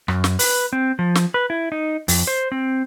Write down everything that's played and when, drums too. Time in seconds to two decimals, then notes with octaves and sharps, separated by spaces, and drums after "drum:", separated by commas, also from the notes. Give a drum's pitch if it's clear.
0.08 F#2, drum: rim click
0.24 drum: snare
0.39 B4, drum: open hi-hat
0.73 C4
0.99 F3
1.15 drum: snare
1.34 B4
1.50 E4
1.72 D#4
2.08 F2, drum: open hi-hat
2.27 C5
2.52 C4